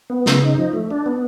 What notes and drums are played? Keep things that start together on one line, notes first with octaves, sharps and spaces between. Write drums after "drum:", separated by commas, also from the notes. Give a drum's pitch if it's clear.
B3
C#3, drum: snare
D#4
F3
A3
D4
B3